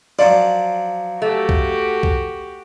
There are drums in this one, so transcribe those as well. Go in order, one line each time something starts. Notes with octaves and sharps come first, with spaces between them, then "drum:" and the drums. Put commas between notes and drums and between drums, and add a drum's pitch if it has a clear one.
F3 F#3 F4 D5
A3 F#4 G4
drum: kick
drum: kick